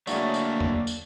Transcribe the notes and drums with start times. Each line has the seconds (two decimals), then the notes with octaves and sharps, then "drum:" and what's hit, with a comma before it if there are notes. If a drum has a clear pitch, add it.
0.07 D3 F#3 A3 A#3 D4 E4 G#4 C#5, drum: tambourine
0.34 drum: tambourine
0.60 drum: tom E2
0.87 drum: tambourine